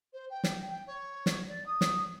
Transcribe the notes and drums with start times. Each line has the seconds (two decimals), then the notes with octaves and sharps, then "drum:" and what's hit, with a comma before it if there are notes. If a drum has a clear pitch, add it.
0.13 C5
0.30 G5
0.44 drum: snare
0.69 G5
0.87 C#5
1.26 drum: snare
1.48 D5
1.66 D#6
1.81 drum: snare